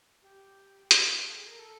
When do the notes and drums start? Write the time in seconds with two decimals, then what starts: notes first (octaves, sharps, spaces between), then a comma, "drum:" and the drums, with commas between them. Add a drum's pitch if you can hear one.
0.23 G4
0.91 F#4, drum: hi-hat
1.03 F4
1.14 G4
1.25 A4
1.36 G#4
1.47 A#4
1.59 A4